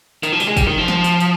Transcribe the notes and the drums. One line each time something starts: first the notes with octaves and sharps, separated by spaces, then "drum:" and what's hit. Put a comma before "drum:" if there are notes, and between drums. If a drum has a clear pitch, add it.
D#3, drum: tambourine
F3
G3, drum: tambourine
G#3
G3, drum: kick, tambourine
D#3
F3
drum: snare
drum: tambourine
drum: tambourine